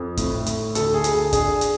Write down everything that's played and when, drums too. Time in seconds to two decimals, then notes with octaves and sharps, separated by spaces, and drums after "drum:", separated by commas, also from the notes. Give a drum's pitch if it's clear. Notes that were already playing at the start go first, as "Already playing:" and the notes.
Already playing: F2
0.17 A2, drum: kick, hi-hat
0.46 A2, drum: hi-hat
0.75 D2 A4, drum: hi-hat
0.94 G#4
1.04 D2, drum: hi-hat
1.13 G#4
1.33 D4 G#4, drum: kick, hi-hat
1.61 drum: hi-hat